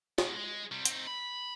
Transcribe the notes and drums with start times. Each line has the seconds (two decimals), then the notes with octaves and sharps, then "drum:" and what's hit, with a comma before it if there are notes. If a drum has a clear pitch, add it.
0.18 B2 G#3, drum: snare
0.35 G#3
0.72 C3 G3
0.85 C4 D#4, drum: hi-hat
1.07 B5